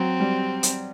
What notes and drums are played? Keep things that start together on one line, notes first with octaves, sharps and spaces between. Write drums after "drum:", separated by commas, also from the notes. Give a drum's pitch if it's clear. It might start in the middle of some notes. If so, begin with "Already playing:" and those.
Already playing: F#3 C4
G3
drum: hi-hat